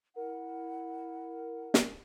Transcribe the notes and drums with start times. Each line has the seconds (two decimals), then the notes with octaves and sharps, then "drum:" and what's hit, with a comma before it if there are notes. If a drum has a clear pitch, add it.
0.16 E4 A#4 F#5
1.74 drum: snare